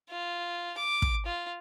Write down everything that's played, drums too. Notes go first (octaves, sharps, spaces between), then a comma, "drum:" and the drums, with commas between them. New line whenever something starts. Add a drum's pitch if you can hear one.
F4
D6
drum: kick
F4